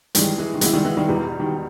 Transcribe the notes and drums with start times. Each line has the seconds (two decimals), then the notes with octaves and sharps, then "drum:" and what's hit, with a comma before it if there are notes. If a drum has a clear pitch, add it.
0.15 G2 D#3 E3 G3 G#3, drum: hi-hat
0.38 E3 G#3
0.54 D#3
0.61 E3 G#3 B3 E4, drum: hi-hat
0.73 D#3 G3
0.85 E3 G#3
0.97 D#3 G3
1.08 E2 B2 E3 G3
1.40 D#3